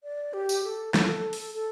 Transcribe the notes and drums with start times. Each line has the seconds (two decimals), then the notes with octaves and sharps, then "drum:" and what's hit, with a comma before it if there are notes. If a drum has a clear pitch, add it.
0.03 D5
0.33 G4
0.49 drum: tambourine
0.64 A4
0.94 A4, drum: snare
1.33 drum: open hi-hat
1.54 A4